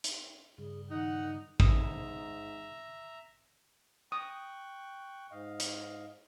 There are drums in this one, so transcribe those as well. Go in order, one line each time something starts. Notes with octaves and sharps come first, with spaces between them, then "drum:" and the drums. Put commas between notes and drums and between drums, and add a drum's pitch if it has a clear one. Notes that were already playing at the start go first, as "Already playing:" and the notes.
drum: hi-hat
G2 C#3 G3 G#4
D#3 D#4 F#5
G#2 E5 A#5 D#6 E7, drum: kick
G5 C#6 D#6 F#6
G#2 D#5 F5
drum: hi-hat